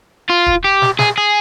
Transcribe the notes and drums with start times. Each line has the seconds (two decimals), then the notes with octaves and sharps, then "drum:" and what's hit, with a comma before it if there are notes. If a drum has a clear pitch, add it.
0.29 F4
0.47 drum: kick
0.64 G4
0.82 drum: snare
0.99 G#4, drum: snare
1.18 G#4